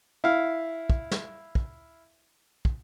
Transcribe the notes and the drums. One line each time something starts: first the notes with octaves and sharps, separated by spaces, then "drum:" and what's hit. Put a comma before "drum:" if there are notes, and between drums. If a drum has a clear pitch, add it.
E4 F5
drum: kick
drum: snare
drum: kick
drum: kick